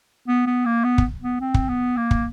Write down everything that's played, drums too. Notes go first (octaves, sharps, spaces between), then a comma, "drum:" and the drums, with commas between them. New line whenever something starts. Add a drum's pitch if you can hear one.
B3
B3
A#3
B3
drum: kick
B3
C4
drum: kick
B3
A#3
drum: kick